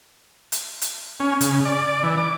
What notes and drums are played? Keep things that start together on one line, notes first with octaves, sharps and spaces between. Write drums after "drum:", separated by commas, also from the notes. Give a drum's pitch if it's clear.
drum: hi-hat
drum: hi-hat
C#4
C#3, drum: hi-hat
D5
E3
D6